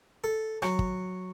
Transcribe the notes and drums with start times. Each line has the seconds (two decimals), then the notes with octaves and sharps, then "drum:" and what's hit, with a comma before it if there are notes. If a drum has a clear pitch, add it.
0.24 A4
0.62 F#3, drum: rim click
0.79 drum: kick